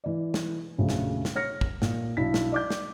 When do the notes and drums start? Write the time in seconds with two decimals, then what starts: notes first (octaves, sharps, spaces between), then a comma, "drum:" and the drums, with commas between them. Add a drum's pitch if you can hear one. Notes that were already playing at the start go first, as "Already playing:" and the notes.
0.04 E3 D5
0.34 drum: snare
0.78 A#1 F#2 C#3 F#3 A3
0.89 drum: snare
1.25 drum: snare
1.36 C#5 F6 A#6 C#7
1.61 drum: kick
1.82 A#2, drum: snare
2.17 B1 D4 E4 B6
2.34 drum: snare
2.52 D5 D6 G6
2.70 drum: snare